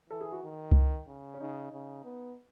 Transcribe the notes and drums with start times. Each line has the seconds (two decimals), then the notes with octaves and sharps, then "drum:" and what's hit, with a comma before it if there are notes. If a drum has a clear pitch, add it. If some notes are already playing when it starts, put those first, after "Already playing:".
0.10 E3 A4
0.21 G#4
0.32 F#4
0.43 D#3
0.72 drum: kick C2
1.07 C#3
1.34 C#4
1.40 C#3 D#4
1.73 C#3
2.05 B3